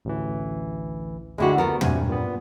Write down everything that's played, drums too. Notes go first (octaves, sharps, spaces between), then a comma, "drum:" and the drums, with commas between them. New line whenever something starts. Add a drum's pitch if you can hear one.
A1 D2 E3
D2 D3 G#3 E4 F#4 G4
D2 B3 A4 A#4
G2 C3 G#5, drum: tom
A#2 B3